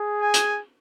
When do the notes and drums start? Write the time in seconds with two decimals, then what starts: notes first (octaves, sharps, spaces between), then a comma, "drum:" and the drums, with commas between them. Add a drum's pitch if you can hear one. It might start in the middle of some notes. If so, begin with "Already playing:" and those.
Already playing: G#4
0.21 G#5
0.34 drum: hi-hat